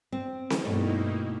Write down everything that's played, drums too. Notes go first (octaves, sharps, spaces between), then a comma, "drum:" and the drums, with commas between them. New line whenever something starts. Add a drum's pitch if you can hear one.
C4
drum: snare C4
G2 B2 A3 A#3 D#4 E4